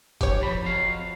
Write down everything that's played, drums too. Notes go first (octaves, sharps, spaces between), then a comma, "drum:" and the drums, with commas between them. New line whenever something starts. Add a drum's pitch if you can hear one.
G4 C#5, drum: kick, hi-hat
F3 B5
F2 F#3 F5